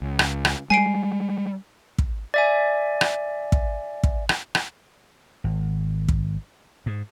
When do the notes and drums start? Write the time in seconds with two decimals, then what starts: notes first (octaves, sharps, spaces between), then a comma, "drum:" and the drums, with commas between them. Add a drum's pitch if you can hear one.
0.02 C#2
0.19 drum: rim click
0.45 drum: rim click
0.70 G3 G#3 G#5 C7 D7
1.98 drum: kick
2.34 D5 E5 G#5
3.01 drum: rim click
3.52 drum: kick
4.03 drum: kick
4.29 drum: rim click
4.55 drum: rim click
5.44 G#1
6.08 drum: kick
6.86 G#2